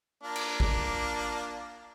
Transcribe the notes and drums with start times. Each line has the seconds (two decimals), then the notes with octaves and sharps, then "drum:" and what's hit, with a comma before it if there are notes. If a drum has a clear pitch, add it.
0.23 A#3 D4 F4
0.36 drum: cymbal
0.60 drum: kick A1